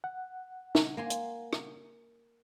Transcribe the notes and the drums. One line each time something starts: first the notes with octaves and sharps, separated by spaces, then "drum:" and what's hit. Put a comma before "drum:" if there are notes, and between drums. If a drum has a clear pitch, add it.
F#5
drum: snare
A#3 G#5 C6
drum: hi-hat
drum: rim click